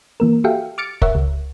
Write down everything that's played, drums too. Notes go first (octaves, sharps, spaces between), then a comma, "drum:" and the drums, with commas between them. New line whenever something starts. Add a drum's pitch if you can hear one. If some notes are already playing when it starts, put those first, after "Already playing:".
E3 A#3 A#4
F#4 G4 A4 E5 F5 G5
D6 F6 A6 C#7 D7
A#4 C#5 E5 F#5, drum: kick
C#2